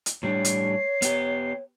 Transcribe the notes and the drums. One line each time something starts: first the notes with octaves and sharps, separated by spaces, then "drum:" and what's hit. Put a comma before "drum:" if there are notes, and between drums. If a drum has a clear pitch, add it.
drum: hi-hat
A2 G3 D4 C#5 C7
drum: hi-hat
B3 G4, drum: hi-hat